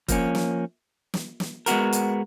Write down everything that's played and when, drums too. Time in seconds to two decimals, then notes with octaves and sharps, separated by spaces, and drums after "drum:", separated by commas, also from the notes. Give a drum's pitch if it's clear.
0.08 F3 A#3 C#4, drum: kick E1, hi-hat
0.35 drum: snare
1.14 drum: snare
1.40 drum: snare
1.66 G#3 B3 F#4 A#4, drum: hi-hat
1.93 drum: hi-hat